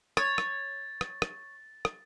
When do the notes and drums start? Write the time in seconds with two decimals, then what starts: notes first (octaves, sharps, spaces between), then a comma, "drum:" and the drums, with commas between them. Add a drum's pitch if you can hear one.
0.17 C#5 A6, drum: rim click
0.38 drum: rim click
1.01 drum: rim click
1.22 drum: rim click
1.85 drum: rim click